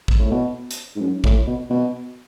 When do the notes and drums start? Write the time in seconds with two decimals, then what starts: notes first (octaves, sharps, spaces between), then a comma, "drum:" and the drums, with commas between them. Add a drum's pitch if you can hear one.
0.08 drum: kick
0.19 A2
0.31 B2
0.71 drum: hi-hat
0.96 G#2
1.00 F#2
1.24 A2, drum: kick
1.47 B2
1.70 B2